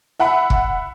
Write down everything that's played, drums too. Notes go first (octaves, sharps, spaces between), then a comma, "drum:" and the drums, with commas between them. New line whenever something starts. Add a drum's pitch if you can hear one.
E5 F#5 B5
drum: kick